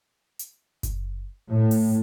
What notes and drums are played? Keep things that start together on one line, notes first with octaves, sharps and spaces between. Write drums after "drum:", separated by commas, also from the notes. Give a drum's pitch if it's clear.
drum: hi-hat
drum: kick F#1, hi-hat
A2
drum: open hi-hat